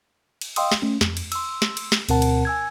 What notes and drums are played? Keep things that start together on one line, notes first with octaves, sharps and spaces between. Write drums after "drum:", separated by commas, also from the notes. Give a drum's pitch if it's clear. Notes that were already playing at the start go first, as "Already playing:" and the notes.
drum: cymbal
D#5 F5 G5 C6 D#6 E6, drum: cymbal
drum: snare
A3 C#4
F2, drum: snare
drum: cymbal
C6 E6, drum: cymbal
drum: snare
drum: cymbal
drum: snare
D2 B2 C4 A#4 F#5 A5, drum: cymbal
drum: cymbal
G#5 E6 G#6